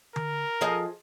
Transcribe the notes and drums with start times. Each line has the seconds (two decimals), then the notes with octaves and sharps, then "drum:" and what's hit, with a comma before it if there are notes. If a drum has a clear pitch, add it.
0.16 A#4, drum: tom D3
0.61 F3 G#4 D#5